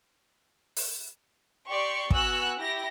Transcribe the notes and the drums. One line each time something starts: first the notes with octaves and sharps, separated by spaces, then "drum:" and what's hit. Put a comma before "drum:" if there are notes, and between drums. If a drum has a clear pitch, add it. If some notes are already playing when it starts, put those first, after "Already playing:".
drum: open hi-hat
G4 D5 C6 C#6
B3 F#4 G#5 C#6 E6 F#6, drum: kick
E4 G4 A#6